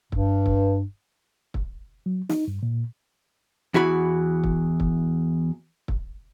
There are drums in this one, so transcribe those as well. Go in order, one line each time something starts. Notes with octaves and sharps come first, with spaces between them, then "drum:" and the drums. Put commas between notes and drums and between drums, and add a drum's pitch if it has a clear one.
G2, drum: kick
drum: kick
drum: kick
F#3
D#4, drum: snare
G2
A#2
E2 E4 F#4 B5
drum: kick
drum: kick
drum: kick